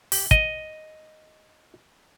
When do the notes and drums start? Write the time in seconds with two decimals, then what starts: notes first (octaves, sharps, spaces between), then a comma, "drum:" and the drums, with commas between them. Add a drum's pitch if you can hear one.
0.12 G4, drum: open hi-hat
0.31 D#5, drum: kick